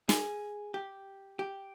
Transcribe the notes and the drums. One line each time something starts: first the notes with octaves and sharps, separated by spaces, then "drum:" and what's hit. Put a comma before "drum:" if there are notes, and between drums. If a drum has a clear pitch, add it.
G#4, drum: snare
G4
G4